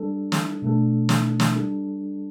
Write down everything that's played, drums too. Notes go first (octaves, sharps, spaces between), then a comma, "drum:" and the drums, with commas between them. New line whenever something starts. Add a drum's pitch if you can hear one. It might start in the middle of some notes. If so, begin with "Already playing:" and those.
Already playing: G3 D4 A4
drum: snare
B2 A3 D4 A4
drum: snare
drum: snare
G3 D4 A4